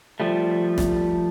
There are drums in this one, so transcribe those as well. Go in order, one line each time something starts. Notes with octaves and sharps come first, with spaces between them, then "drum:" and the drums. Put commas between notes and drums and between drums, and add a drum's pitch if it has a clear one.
F3 G3 A3
drum: snare